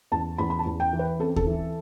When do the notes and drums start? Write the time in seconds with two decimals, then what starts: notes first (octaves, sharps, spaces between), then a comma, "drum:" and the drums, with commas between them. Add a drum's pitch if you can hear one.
0.12 E2 A5
0.38 E2 B5
0.50 B5
0.59 A5
0.65 E2
0.80 G5
0.93 E3
0.99 B4
1.19 C4 A4
1.36 A4, drum: kick D#2
1.47 E3